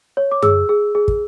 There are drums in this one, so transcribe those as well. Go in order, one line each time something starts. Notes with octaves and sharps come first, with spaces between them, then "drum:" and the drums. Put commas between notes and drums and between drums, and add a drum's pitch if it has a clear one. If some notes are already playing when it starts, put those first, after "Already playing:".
C#5
D6
G#4 E6, drum: tom F#2
G#4
G#4
drum: kick